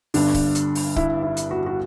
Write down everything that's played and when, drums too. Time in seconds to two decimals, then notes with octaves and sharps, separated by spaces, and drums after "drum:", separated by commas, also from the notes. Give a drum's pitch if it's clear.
0.14 G1 G2 D3 D4, drum: open hi-hat
0.34 drum: kick C#1, open hi-hat
0.55 drum: hi-hat
0.75 drum: open hi-hat
0.96 E4, drum: kick C#1
1.22 E4
1.37 drum: hi-hat
1.51 F#4
1.66 F#4